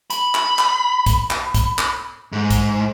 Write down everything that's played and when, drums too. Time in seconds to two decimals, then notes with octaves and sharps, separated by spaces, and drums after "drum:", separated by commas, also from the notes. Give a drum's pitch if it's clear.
0.10 B5, drum: hi-hat
0.34 drum: clap
0.58 drum: clap
1.06 drum: kick, hi-hat
1.30 drum: clap
1.54 drum: kick, hi-hat
1.78 drum: clap
2.32 G#2
2.51 drum: kick, hi-hat